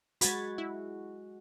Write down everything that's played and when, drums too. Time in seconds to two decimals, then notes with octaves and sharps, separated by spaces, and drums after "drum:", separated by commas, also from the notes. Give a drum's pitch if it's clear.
0.21 G#3 F#4 B5 G#6 A6, drum: hi-hat
0.58 E4